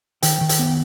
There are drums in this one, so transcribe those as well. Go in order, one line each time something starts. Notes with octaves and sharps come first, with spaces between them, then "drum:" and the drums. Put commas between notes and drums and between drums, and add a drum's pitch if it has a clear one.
D#3 G5, drum: hi-hat
D#3
G5, drum: hi-hat
B3